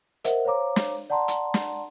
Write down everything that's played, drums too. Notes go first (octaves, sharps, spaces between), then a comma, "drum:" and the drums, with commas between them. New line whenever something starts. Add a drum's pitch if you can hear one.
A#4 C5 D#5 E5 F#5, drum: hi-hat
C5 C#5 F5 A#5 D6
drum: snare
D5 F#5 A5 A#5 C6
drum: hi-hat
drum: snare